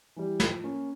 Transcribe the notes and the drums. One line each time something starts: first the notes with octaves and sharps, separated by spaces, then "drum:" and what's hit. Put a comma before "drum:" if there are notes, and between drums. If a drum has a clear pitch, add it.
E3 G3
F3, drum: snare
A#3 C#4